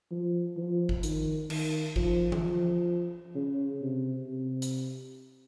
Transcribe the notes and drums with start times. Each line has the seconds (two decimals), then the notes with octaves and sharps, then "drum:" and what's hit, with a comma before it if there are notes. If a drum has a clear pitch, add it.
0.11 F3
0.57 F3
0.89 drum: kick G#1
1.03 D#3, drum: hi-hat
1.50 D#3, drum: cymbal
1.96 F3, drum: kick G#1
2.32 drum: tom E3
2.43 F3
3.35 C#3
3.81 C3
4.27 C3
4.62 drum: hi-hat